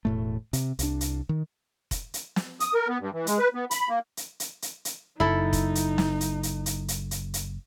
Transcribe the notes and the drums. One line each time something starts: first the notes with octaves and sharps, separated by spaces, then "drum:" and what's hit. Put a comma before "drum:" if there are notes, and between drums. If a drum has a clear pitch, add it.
E1 A2 A3
C3, drum: hi-hat
C2 D4, drum: hi-hat
drum: hi-hat
D#3
drum: kick F1, hi-hat
drum: hi-hat
drum: snare
D#6, drum: hi-hat
A#4
B3
G2
E3
G#3, drum: hi-hat
B4
B3
B5, drum: hi-hat
A#3
drum: hi-hat
drum: hi-hat
drum: hi-hat
drum: hi-hat
F#1 F#2 D#4 E4 A4
drum: kick F1, hi-hat
drum: hi-hat
drum: snare
drum: hi-hat
drum: hi-hat
drum: hi-hat
drum: hi-hat
drum: hi-hat
drum: hi-hat